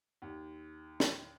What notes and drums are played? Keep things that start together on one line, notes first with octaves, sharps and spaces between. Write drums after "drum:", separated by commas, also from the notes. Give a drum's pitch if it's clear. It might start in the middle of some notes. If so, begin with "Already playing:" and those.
D#2
drum: snare